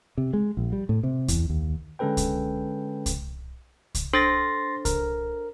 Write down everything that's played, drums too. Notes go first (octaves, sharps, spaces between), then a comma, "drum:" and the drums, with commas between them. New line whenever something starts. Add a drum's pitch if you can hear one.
C3
G#3
A#1
G3
A2
C3
E2, drum: kick C2, hi-hat
D#2
D3 G#3 C#4 A4 B4 G5
drum: kick C2, hi-hat
drum: kick C2, hi-hat
drum: kick C2, hi-hat
D4 A4 C5 C6 A6 A#6
A#4, drum: kick C2, hi-hat